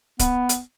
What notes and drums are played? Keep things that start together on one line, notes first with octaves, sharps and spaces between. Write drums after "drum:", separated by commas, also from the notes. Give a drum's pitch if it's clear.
B3, drum: kick C#1, hi-hat
drum: hi-hat